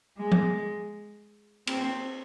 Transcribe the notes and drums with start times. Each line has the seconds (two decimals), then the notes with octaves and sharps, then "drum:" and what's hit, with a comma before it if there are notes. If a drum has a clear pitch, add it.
0.18 G#3
0.32 drum: tom
1.67 C4, drum: cymbal